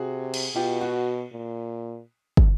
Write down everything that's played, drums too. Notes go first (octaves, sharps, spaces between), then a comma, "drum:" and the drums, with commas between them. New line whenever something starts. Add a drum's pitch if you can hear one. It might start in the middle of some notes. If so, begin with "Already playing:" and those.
Already playing: C3 F#4 G#4
drum: cymbal
B2 F4 G4
F#4
A#2
drum: kick